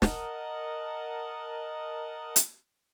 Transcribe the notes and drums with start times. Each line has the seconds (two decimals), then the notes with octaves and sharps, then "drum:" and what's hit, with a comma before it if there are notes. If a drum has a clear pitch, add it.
0.02 A#4 D#5 F#5 A5, drum: snare
2.36 drum: hi-hat